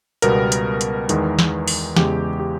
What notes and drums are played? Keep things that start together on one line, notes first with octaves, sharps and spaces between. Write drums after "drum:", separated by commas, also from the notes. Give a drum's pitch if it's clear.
C#2 B2 G3 B3 A#4, drum: hi-hat
drum: hi-hat
drum: hi-hat
E2 D#3 G#3 B3, drum: hi-hat
drum: snare
drum: open hi-hat
E2 C#3 G#3 G4, drum: snare
G4